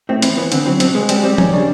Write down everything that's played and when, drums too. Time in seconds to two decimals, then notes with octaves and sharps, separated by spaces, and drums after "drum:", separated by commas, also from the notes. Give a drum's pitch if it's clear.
0.09 A2 C4
0.22 E3 C4, drum: hi-hat
0.37 E3 B3
0.52 D3 C4, drum: hi-hat
0.66 F#3 C4
0.80 B2 C4, drum: hi-hat
0.95 G#3 B3
1.09 G3 C4, drum: hi-hat
1.23 G3 C4
1.38 D#2 C#4, drum: tom F3
1.53 C#3 D4